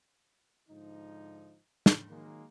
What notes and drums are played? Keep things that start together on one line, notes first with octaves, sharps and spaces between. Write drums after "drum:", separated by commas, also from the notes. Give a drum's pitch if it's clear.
G#2 D3 F3 D#4
drum: snare
D#3 F#3 G#3 A#3